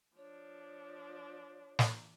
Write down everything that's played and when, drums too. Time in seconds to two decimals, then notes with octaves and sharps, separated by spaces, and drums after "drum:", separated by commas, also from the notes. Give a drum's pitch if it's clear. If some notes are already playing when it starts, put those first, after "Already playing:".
0.17 F3 D4 C#5
1.79 drum: snare